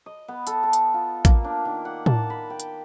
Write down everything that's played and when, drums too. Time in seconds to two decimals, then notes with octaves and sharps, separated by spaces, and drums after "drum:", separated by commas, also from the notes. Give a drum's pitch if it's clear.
0.06 D#5
0.28 B3
0.47 A4, drum: hi-hat
0.63 A4
0.73 drum: hi-hat
0.94 F4
1.25 A#3, drum: kick, hi-hat
1.44 D4
1.65 D#3
1.85 F#5
2.06 A5, drum: tom A2
2.30 B5
2.50 G5
2.60 drum: hi-hat